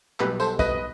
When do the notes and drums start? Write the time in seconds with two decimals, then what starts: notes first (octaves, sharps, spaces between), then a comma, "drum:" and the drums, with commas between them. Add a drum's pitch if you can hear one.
0.20 B1 B2 G3 B3 G4 B4, drum: clap
0.40 A4 C5, drum: tambourine
0.59 B4 D#5, drum: kick, tambourine